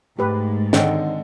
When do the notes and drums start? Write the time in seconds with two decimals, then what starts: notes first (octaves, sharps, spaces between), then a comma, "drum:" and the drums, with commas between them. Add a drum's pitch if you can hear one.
0.19 G#2 A3 G4 B4
0.73 D3 D#3 C4 D#4 F#5 G5, drum: snare